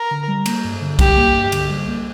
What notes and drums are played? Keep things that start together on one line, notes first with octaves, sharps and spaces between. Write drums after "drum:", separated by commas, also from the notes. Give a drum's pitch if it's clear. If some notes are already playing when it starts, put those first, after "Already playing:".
Already playing: A#4
D3
G3
A#3, drum: cymbal
G2
D3
G3 G4, drum: kick, cymbal
A#3
G2
D3, drum: cymbal
G3
A#3